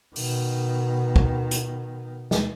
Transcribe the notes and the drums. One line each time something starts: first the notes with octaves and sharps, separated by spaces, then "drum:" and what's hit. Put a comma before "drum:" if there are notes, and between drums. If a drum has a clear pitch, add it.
B2 D#3, drum: open hi-hat
drum: kick
drum: hi-hat
drum: snare